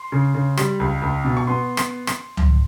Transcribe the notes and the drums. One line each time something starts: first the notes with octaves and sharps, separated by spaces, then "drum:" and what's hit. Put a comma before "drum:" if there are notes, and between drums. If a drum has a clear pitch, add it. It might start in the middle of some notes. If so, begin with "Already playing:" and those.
Already playing: C6
C#3
C#3
G3, drum: rim click
C#2
C#2
B2
C#6
B3 C6
drum: rim click
drum: rim click
drum: tom C#2